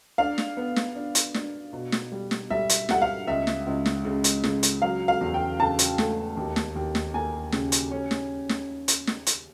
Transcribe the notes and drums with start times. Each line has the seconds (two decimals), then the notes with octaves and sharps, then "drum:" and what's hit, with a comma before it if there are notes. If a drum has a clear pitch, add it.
0.18 D4 F5
0.38 drum: snare
0.57 B3
0.76 drum: snare
0.95 D4
1.15 drum: hi-hat
1.34 D4, drum: snare
1.73 B2
1.92 drum: snare
2.12 G3
2.31 drum: snare
2.50 G3 E5
2.70 drum: hi-hat
2.89 G3 F#5, drum: snare
3.02 F5
3.27 C#2 E5
3.47 drum: snare
3.66 C#2
3.86 drum: snare
4.05 C#3
4.24 drum: hi-hat
4.44 C#3, drum: snare
4.63 drum: hi-hat
4.82 F#3 F5
5.08 F5
5.21 E2
5.34 G5
5.59 C#3 A5
5.79 drum: hi-hat
5.98 A3, drum: snare
6.37 D#2
6.56 drum: snare
6.76 D#2
6.95 drum: snare
7.14 A#3 G#5
7.52 C#3, drum: snare
7.72 drum: hi-hat
7.91 C#4
8.11 drum: snare
8.49 drum: snare
8.88 drum: hi-hat
9.07 drum: snare
9.27 drum: hi-hat